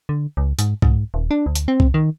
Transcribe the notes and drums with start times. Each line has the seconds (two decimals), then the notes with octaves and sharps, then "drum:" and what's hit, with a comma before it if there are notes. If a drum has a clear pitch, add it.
0.09 D3
0.37 C#2
0.59 G#2, drum: hi-hat
0.82 G#2, drum: kick
1.14 D#1
1.31 D4
1.46 D2
1.55 drum: hi-hat
1.68 C4
1.80 drum: kick
1.94 D#3